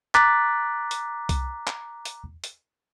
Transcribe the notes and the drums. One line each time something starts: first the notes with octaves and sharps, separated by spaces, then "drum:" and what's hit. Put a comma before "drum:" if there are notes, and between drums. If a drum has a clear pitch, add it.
A#5 D6 F#6 A6 B6, drum: clap
drum: hi-hat
drum: kick C2, hi-hat
drum: clap
drum: hi-hat
drum: hi-hat